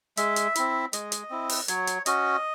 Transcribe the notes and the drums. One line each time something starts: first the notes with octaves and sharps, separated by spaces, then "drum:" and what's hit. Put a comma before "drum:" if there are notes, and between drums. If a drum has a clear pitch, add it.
G#3 E5, drum: hi-hat
drum: hi-hat
C4 E4, drum: hi-hat
G#3 D#5, drum: hi-hat
drum: hi-hat
C4 E4
drum: open hi-hat
F#3 C#5, drum: hi-hat
drum: hi-hat
C#4 F#4 D#5, drum: hi-hat